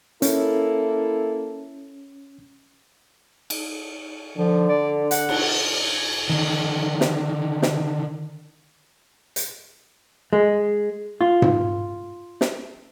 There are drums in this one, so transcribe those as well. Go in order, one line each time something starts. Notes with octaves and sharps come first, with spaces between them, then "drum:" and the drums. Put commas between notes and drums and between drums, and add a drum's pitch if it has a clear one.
A#3 C#4 E4 A4, drum: hi-hat
drum: cymbal
D3 F3
D5
F#5, drum: hi-hat
drum: cymbal
D3 D#3
drum: snare
drum: snare
drum: hi-hat
G#3
F4
drum: tom G#2
drum: snare